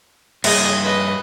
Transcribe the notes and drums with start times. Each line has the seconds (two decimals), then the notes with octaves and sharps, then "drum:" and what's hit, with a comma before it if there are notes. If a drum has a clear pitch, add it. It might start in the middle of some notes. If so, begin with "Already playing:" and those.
0.44 G2 A#3 G#4 D#5, drum: cymbal
0.83 B4 D#5